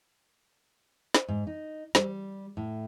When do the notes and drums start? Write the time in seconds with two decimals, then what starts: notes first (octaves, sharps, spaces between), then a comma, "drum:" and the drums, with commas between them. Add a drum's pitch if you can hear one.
1.14 drum: snare
1.28 G#2
1.47 D#4
1.95 G3, drum: snare
2.57 A2